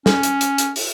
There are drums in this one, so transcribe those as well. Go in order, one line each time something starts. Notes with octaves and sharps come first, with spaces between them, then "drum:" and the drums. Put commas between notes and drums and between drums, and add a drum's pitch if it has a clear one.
C#4, drum: snare
drum: hi-hat
drum: hi-hat
drum: hi-hat
drum: open hi-hat